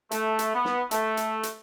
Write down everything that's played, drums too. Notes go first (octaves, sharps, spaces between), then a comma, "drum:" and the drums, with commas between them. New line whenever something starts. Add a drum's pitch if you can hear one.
A3, drum: hi-hat
drum: hi-hat
B3
drum: snare
A3, drum: hi-hat
drum: hi-hat
drum: hi-hat